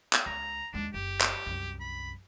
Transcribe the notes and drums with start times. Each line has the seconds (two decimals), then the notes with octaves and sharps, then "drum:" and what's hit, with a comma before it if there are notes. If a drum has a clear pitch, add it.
0.13 drum: clap
0.26 C#2 A#5
0.74 D#2 G#3 D4
0.94 F#1 G4
1.21 drum: clap
1.46 C2 F#2
1.81 B5